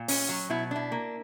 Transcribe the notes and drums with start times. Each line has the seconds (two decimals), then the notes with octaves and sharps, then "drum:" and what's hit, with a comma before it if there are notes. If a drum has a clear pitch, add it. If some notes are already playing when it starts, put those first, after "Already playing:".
Already playing: A#2
0.08 C#4, drum: open hi-hat
0.29 F#3
0.50 B2 E4
0.71 D4 E4
0.92 A#3